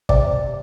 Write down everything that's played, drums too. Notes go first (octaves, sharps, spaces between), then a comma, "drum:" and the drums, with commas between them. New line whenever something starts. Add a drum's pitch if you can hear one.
C3 D5, drum: kick